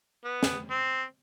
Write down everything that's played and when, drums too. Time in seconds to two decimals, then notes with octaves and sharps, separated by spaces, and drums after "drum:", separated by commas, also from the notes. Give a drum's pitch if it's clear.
0.24 B3
0.43 drum: snare
0.70 C4